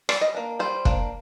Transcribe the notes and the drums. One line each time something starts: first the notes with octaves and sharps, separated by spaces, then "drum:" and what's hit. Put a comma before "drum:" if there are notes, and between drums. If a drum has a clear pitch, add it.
G3 D5, drum: rim click
D#5
A#3 D4
G3 C5
A#3 D4, drum: kick